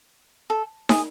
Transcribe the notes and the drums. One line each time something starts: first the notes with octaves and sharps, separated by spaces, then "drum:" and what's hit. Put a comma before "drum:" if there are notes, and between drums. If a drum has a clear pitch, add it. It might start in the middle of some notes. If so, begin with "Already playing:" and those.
A4
G#4, drum: snare